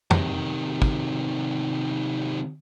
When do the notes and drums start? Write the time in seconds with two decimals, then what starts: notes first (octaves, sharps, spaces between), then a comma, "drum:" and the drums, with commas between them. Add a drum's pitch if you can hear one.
0.11 C3 D#3, drum: tom F2
0.82 drum: kick